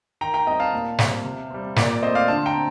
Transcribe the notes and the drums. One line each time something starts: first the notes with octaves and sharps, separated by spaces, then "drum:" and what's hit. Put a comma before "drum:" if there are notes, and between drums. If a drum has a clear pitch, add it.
D#3 G5 A#5
G5 A#5
G3 C4 D#5 G5
F5 A5
A#2
G3 C4, drum: snare
C3
G3 C4
A#2 D5, drum: snare
D5
A3 C4 C5 D#5
D5 F5
D3 A5 C6
G5 A#5
C4